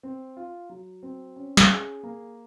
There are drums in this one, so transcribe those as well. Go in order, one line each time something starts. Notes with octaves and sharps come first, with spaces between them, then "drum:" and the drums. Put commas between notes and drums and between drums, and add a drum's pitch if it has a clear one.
C4
F4
F#3
C4
C#4
drum: snare
G#4
A#3